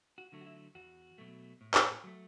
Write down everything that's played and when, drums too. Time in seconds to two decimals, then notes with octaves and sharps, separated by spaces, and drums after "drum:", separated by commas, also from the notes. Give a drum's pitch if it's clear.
0.18 F#4
0.32 D3 F#3 A3
0.41 F#4
0.46 E4
0.75 E2 F#4
1.18 B2 F#3 A3
1.61 A2
1.74 drum: clap
2.04 F#3 A3